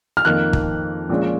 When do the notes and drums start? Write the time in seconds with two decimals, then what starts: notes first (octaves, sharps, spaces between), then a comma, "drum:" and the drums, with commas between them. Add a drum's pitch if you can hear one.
0.17 F6
0.25 F2 D#3 A#3 D#4 F#6
0.53 drum: kick
1.09 A#1 A#2 G#3 C#4